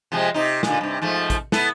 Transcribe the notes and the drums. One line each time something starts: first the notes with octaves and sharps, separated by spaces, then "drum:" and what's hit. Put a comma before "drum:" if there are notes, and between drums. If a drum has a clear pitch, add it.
C3 F3 G#3
C3 D#4
A#2 D3, drum: snare
G2 C3
G#2 F3 A3
drum: kick, hi-hat
B3 E4 A4, drum: snare